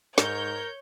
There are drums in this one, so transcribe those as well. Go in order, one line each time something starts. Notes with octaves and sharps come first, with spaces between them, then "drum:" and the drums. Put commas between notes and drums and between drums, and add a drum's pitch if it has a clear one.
G#2 A#4 C#5 G6, drum: snare